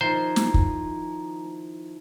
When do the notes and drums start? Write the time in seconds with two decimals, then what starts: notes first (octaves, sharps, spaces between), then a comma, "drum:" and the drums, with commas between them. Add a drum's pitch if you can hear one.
0.01 D#3 F3 E4 C5 A#5
0.36 drum: snare
0.54 drum: kick